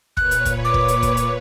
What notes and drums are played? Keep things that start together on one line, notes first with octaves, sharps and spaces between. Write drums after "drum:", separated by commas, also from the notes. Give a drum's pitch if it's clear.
A#2 B4 C#5 F#6, drum: kick
drum: hi-hat
drum: kick, hi-hat
D6
drum: kick
drum: hi-hat
drum: kick, hi-hat
drum: hi-hat